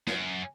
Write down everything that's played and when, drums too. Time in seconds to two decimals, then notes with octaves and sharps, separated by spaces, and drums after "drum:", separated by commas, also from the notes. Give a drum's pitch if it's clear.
0.07 F#2, drum: snare